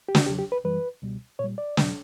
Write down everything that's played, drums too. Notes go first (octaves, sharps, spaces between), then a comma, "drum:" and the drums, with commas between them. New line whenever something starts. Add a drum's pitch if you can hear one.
G4
F#4, drum: snare
E2 C#3 F#3 G4
G4
B4
F#2 E3 G3 B4
C#2 B2 G3
A#2 G3 C#5
D5
E2 B2 F#3, drum: snare